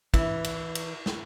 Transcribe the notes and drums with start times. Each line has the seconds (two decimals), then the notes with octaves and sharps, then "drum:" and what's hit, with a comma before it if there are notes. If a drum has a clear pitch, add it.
0.14 E3, drum: kick, cymbal
0.44 drum: cymbal
0.75 drum: cymbal
1.06 drum: snare